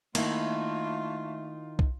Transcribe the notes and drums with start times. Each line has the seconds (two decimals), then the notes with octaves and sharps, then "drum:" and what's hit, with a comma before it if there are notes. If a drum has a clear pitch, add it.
0.15 D#3 A3 A#3 E4 F4, drum: cymbal
1.79 drum: kick